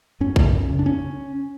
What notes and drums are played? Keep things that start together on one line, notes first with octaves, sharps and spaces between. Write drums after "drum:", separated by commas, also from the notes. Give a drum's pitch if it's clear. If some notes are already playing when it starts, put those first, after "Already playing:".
F#2 C#4
C#3, drum: kick A#1
F#2
C#3
D4
C#4